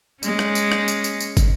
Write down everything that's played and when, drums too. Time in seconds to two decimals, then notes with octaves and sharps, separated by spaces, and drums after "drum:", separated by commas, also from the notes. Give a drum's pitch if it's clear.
0.23 G#3 C#4, drum: tambourine
0.39 drum: rim click
0.55 drum: tambourine
0.72 drum: rim click
0.88 drum: tambourine
1.04 drum: tambourine
1.20 drum: tambourine
1.37 drum: kick, tambourine